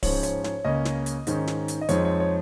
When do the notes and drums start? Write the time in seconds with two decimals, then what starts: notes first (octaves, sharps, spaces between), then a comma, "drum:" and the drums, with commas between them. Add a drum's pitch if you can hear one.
0.03 G#2 F3 C#4 C#5, drum: kick D1, open hi-hat
0.23 C#5, drum: hi-hat
0.44 C#5, drum: snare
0.65 C#2 C#3 A#3 C#4 D#5
0.85 drum: snare
1.06 drum: hi-hat
1.27 G#2 D#3 C#4, drum: hi-hat
1.47 drum: snare
1.68 drum: hi-hat
1.81 D#5
1.89 F2 F3 G#3 D#4 C#5, drum: hi-hat
2.05 C#5
2.20 C#5